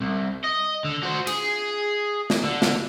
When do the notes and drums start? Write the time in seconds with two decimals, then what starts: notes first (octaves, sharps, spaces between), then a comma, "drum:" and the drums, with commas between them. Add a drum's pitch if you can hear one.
0.01 C2
0.44 D#5
0.85 D3
1.03 F#4 C5
1.27 G#4, drum: cymbal
2.30 drum: snare
2.45 D3
2.62 drum: snare